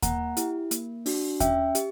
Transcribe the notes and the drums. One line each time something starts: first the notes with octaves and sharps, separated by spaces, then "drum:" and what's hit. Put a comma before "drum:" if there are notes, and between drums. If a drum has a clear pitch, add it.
A#3 F#5 A#5, drum: kick D#2, hi-hat
E4 G4, drum: hi-hat
A#3, drum: hi-hat
D4 F#4, drum: open hi-hat
C#4 E5 G5, drum: kick D#2, hi-hat
G4, drum: hi-hat